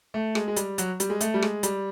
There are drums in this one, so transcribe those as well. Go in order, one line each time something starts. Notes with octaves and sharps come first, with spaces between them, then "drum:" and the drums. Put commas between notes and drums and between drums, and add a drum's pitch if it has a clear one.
A3
G#3, drum: rim click
G#3
G3, drum: hi-hat
F#3, drum: hi-hat
G3, drum: hi-hat
G#3
A3, drum: hi-hat
G3
G#3, drum: rim click
G3, drum: hi-hat